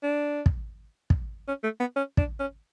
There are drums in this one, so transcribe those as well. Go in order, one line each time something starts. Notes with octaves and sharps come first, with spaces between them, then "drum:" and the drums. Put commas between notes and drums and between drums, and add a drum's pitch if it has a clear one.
D4
drum: kick
drum: kick
C#4
A3
B3
C#4
D4, drum: kick
C#4